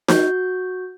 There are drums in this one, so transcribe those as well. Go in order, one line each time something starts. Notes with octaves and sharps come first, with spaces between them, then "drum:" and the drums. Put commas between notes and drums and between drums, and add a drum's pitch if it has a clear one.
F#4 G6, drum: snare D#4